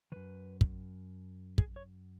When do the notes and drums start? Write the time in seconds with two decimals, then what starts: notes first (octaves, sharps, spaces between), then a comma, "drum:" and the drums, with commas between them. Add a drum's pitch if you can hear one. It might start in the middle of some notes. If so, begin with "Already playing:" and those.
0.12 F#2 D#3 B4
0.61 drum: kick
1.58 G#4, drum: kick
1.76 C#5